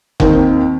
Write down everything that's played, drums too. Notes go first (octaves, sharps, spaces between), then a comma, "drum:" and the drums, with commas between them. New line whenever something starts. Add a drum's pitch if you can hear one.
D#2 D#3 C4, drum: kick F1